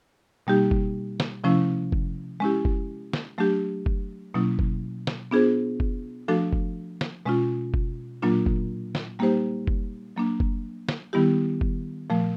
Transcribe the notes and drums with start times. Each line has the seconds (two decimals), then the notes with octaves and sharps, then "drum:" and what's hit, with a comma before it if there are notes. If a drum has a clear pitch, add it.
0.47 B2 G3 A#3 D#4 G4
0.71 drum: kick F#1
1.20 drum: snare
1.44 C3 F3 A3 C#4 E4
1.92 drum: kick F#1
2.40 G#3 C#4 E4 G4
2.65 drum: kick F#1
3.13 drum: snare
3.38 F#3 A3 D4 G4
3.86 drum: kick F#1
4.34 B2 F#3 A#3 C#4 E4
4.59 drum: kick F#1
5.07 drum: snare
5.31 B3 D4 F4 G#4 C5
5.80 drum: kick F#1
6.28 F3 A3 D4 F#4 A4
6.53 drum: kick F#1
7.01 drum: snare
7.26 B2 G#3 C#4 F4
7.74 drum: kick F#1
8.22 A#2 F#3 A#3 D4 F4
8.46 drum: kick F#1
8.95 drum: snare
9.19 G3 A#3 D#4 G4 C5
9.67 drum: kick F#1
10.16 F#3 A#3 D4
10.40 drum: kick F#1
10.89 drum: snare
11.13 D#3 G3 B3 E4 G4
11.61 drum: kick F#1
12.10 A#2 F3 A3